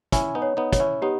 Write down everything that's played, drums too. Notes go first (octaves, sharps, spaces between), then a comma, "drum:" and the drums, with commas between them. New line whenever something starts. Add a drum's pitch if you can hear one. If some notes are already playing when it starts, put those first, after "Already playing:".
C#4 E4 G#5, drum: kick, hi-hat
B3 D#4
C#5
B3 D#4
C#5, drum: kick, hi-hat
C#4 E4
B3 D#4 G4